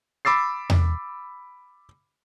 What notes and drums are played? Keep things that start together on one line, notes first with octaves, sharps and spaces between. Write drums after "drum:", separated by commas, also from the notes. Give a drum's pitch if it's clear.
B5 D6 E6 A6 C7
drum: tom E2